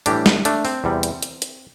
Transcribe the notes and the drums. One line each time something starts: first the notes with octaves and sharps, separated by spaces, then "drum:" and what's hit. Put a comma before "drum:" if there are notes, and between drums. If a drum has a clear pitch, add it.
A2 E3 G3 D4 G4, drum: hi-hat
drum: snare
A3 D4, drum: hi-hat
C4, drum: open hi-hat
E2 C3 G3
drum: hi-hat
drum: hi-hat
drum: hi-hat